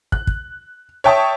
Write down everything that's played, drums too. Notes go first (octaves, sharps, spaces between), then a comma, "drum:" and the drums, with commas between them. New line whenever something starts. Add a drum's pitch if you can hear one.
F#6, drum: kick
drum: kick
C#5 E5 G5 A5 C#6 D#6